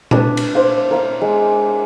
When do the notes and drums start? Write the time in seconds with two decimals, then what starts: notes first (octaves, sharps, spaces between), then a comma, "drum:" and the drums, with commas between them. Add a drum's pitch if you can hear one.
0.11 D4 B4 D#6, drum: tom A#2
0.37 drum: cymbal
0.55 C5 F5
0.91 A#4 F5
1.21 G#3